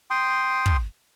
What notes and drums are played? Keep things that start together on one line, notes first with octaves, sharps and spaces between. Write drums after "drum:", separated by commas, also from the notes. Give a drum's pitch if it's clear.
G5 C6 D#6
drum: kick